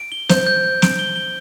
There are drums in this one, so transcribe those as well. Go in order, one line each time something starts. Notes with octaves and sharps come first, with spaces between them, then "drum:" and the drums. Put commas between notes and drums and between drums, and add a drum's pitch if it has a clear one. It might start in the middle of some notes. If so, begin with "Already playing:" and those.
Already playing: D7
G7
C5 G6, drum: snare
G6
G6
D7, drum: snare
G7
G7